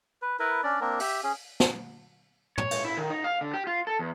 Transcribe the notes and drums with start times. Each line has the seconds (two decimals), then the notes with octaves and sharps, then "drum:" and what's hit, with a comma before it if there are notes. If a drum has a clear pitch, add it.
0.22 B4
0.39 E4 A#4 B4
0.63 C#4 D4 D5
0.81 A#3 C4 D4 A#4
1.00 G4 E5, drum: open hi-hat
1.24 C#4 G#4
1.60 drum: snare
2.58 C#5, drum: tom
2.71 drum: cymbal
2.85 E4
2.97 D#3
3.10 D#4
3.24 F5
3.41 D3
3.54 G4
3.67 F4
3.87 A4
3.99 E2